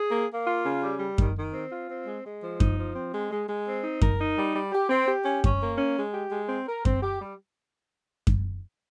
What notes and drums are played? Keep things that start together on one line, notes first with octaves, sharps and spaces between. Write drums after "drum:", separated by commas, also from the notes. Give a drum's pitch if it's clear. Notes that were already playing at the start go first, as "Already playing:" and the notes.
Already playing: G#4
A#3
A#3
F4
C#3
G3
G3
D#3, drum: kick F#2
D#3
C4
F4
C4
G#3
G#3
F3
D#4, drum: kick F#2
F3
C4
G#3
G#3
G#3
C4
D#4
A#4, drum: kick F#2
D#4
G3
G3
G4
C4
G4
C#4
C#4, drum: kick F#2
A#3
C#4
G#3
G4
G#3
C4
A#4
C4, drum: kick F#2
G4
G3
drum: kick F#2